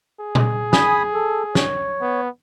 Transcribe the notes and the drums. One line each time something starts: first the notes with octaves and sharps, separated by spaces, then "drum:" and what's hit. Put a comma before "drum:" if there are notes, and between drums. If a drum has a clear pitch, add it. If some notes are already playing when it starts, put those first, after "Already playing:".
G#4
drum: tom A#2
G#5 B5 D#6, drum: snare
A4
C#5, drum: snare
B3